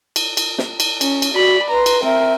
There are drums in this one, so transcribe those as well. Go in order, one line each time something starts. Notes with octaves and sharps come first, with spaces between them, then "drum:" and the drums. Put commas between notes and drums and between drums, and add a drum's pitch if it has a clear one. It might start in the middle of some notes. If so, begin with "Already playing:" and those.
drum: cymbal
drum: cymbal
drum: snare
drum: cymbal
C#4, drum: cymbal
drum: cymbal
F#4 D5 B5
B4 A#5 C6
drum: cymbal
C4 A#4 E5